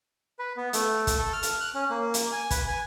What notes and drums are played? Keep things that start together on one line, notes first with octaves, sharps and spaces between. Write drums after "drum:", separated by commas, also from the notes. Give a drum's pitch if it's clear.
B4
B3
A3, drum: hi-hat
drum: kick, hi-hat
A4
F6
drum: hi-hat
F#6
C#4
A#3
drum: hi-hat
G#5
B4, drum: kick, hi-hat
G#5